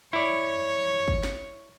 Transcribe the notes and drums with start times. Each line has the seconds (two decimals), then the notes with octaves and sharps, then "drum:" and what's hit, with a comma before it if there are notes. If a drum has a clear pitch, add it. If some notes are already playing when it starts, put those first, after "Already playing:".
0.13 E4 C#5 D5
1.08 drum: kick
1.23 drum: snare